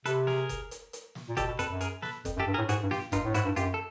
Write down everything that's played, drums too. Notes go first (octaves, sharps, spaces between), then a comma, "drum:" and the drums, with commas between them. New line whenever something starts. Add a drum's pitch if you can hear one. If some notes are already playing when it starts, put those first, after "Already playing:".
C3 A4 B4, drum: hi-hat
G#4 A#4, drum: snare
drum: kick F#1, hi-hat
drum: hi-hat
drum: hi-hat
drum: snare
A#2
B2 G4 A4, drum: kick F#1, hi-hat
B2
F2 A4 B4, drum: hi-hat
F#2
G#4 A#4, drum: hi-hat
A4 B4, drum: snare
F2, drum: kick F#1, hi-hat
F#2
G4 A4
G2
G#4 A#4
A2
G#2 F#4 G#4, drum: hi-hat
G2
F4 G4, drum: snare
G2 D#4 F4, drum: kick F#1, hi-hat
A2
G#2 E4 F#4, drum: hi-hat
G2
F#2 F4 G4, drum: hi-hat
A4